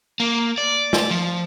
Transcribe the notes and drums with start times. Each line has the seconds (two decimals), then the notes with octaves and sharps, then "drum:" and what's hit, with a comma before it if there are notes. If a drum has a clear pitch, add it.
0.20 A#3
0.58 D5
0.93 drum: snare
1.11 F3